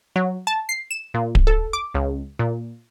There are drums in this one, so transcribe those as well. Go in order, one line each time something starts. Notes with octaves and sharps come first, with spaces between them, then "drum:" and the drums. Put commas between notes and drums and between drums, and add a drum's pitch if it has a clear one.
F#3
A5
C7
E7
A#2
drum: kick D1
A4
D6
C#2
A#2